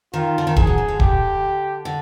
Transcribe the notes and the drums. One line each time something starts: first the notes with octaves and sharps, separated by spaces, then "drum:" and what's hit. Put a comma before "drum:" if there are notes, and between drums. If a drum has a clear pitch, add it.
D#3 F4
D3
D#3
E3 G#4, drum: kick
F#3
C#3
D3
G4, drum: kick
D3